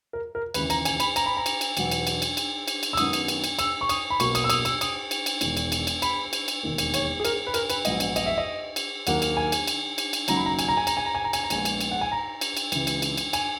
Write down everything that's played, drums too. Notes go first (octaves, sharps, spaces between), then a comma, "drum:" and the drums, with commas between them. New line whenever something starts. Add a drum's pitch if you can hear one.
A#4
A#4
D#2 C#3 E3 B4, drum: cymbal
A#5, drum: cymbal
G#5, drum: cymbal
B5, drum: cymbal
A#5, drum: cymbal
B5
A#5
drum: cymbal
drum: cymbal
E2 B2 F#3 B3, drum: cymbal
drum: cymbal
drum: cymbal
drum: cymbal
drum: cymbal
drum: cymbal
drum: cymbal
E6
F#2 D#3 F#3 B3 D#6, drum: cymbal
drum: cymbal
drum: cymbal
drum: cymbal
E6, drum: cymbal
C#6
D#6, drum: cymbal
B5
B1 B2 A#3 C#6, drum: cymbal
D#6, drum: cymbal
E6
D#6, drum: cymbal
E6, drum: cymbal
D#6, drum: cymbal
drum: cymbal
drum: cymbal
E1 E2 D#3, drum: cymbal
drum: cymbal
drum: cymbal
drum: cymbal
B5, drum: cymbal
drum: cymbal
drum: cymbal
E1 D#2 D#3 A#3
drum: cymbal
C#5, drum: cymbal
G#4
A#4, drum: cymbal
B4
A#4, drum: cymbal
B4, drum: cymbal
A#1 G#2 F#3 B3 D#5, drum: cymbal
drum: cymbal
D#5, drum: cymbal
E5
D#5
drum: cymbal
D#2 D#3 F#3 A#3 F#5, drum: cymbal
drum: cymbal
G#5
drum: cymbal
drum: cymbal
drum: cymbal
drum: cymbal
F#1 F#2 D#3 F#3 A#5, drum: cymbal
B5
A#5
G#5, drum: cymbal
A#5
G#5
A#5, drum: cymbal
G#5
A#5
G#5
A#5
G#5, drum: cymbal
A#5
A#1 A#2 G#3 B3 G#5, drum: cymbal
drum: cymbal
drum: cymbal
F#5
G#5
A#5
drum: cymbal
drum: cymbal
C#2 C#3 E3, drum: cymbal
drum: cymbal
drum: cymbal
drum: cymbal
G#5, drum: cymbal